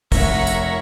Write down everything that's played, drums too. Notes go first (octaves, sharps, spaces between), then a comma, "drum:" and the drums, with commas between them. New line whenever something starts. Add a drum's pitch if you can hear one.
F1 A#4 C#5 E5 F#5, drum: kick, open hi-hat
drum: hi-hat